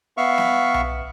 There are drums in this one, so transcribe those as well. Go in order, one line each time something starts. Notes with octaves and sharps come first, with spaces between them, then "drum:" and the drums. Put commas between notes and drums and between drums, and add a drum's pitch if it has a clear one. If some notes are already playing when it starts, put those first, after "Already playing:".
B3 E5 F5 C#6
drum: snare
drum: tom B1